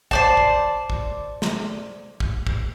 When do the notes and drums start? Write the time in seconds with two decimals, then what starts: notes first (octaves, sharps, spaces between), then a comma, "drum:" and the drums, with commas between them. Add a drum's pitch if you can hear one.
0.11 C5 D5 A5, drum: kick
0.37 drum: kick
0.90 drum: kick
1.42 drum: snare
2.20 drum: kick
2.47 drum: kick